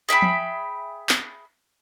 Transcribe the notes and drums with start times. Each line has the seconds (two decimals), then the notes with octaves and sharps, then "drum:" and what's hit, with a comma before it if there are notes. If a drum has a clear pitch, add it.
0.09 G#4 E5 G5 B5
0.22 drum: tom F3
1.09 drum: clap